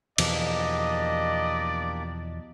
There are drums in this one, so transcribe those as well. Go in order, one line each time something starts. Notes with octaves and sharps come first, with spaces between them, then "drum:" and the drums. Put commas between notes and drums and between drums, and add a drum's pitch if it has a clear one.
E2 B2 F3 A#3 D4 G4 D5 D#5, drum: cymbal